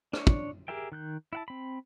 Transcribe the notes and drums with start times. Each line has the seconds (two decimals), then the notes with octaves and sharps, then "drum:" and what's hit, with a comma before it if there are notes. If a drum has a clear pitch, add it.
0.13 D4 C#5, drum: rim click
0.27 drum: kick
0.68 G4 G#4 A#4 E5 G5
0.92 D#3 F#6 G6
1.33 E4 F#5 A5
1.48 C4 B5